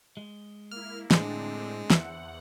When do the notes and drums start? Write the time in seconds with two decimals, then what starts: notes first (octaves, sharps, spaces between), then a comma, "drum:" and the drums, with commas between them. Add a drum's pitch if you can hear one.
0.17 G#3
0.72 A#3 E4 F6
1.11 A2 D3 G#3 C4 D4, drum: snare
1.90 E2 C5 E5 F#5, drum: snare